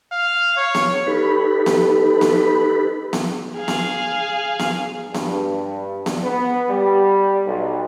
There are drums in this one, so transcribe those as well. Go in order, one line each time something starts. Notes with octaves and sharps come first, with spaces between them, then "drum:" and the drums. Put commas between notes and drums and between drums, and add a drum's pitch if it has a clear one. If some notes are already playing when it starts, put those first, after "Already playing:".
F5
C#5
drum: snare B3
D#4 G4 A4 B4 B5
drum: snare B3
drum: snare B3
drum: snare B3
G#4 F5
drum: snare B3
drum: snare B3
G2, drum: snare B3
drum: snare B3
B3
G3
B1